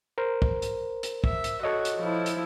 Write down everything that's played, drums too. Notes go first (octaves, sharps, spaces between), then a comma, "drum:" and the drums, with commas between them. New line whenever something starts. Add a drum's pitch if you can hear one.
A#4 C5
drum: kick
drum: hi-hat
drum: hi-hat
E5, drum: kick
drum: hi-hat
F#4 A4 C#5 D#5
drum: hi-hat
F3 E4
drum: hi-hat